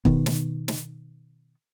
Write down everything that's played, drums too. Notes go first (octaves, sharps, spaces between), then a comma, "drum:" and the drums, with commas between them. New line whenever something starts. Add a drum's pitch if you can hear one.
B2 D#3 B3, drum: kick
drum: snare
drum: snare